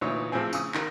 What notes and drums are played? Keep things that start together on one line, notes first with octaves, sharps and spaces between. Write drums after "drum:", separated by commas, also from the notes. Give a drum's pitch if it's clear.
D2 A#2 E3 D#4 C#5
A2 F3 C4 G#4
C#3 D#6, drum: tambourine
D#3, drum: clap